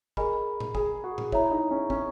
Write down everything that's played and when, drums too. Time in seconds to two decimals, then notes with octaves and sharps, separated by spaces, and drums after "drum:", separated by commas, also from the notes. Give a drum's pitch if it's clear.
0.17 G#4 A#4 D#5 G#5 B5, drum: kick
0.60 drum: tom A#2
0.75 G#4, drum: kick
1.04 F#4
1.18 drum: tom A#2
1.32 E4 C#5 E5 A#5, drum: kick
1.51 D#4
1.71 C#4
1.90 C#4, drum: kick